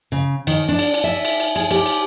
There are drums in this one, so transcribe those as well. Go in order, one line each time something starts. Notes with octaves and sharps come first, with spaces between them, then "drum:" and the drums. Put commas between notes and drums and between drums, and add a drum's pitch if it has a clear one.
C#3
D#3, drum: cymbal
D4
drum: cymbal
drum: cymbal
E5
drum: cymbal
drum: cymbal
G#4, drum: cymbal
G4, drum: cymbal
drum: cymbal